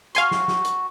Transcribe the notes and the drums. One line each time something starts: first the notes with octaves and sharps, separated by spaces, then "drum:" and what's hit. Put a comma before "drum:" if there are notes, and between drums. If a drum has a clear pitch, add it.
F#4 F5 G#5 C6, drum: hi-hat
drum: snare
drum: snare
drum: hi-hat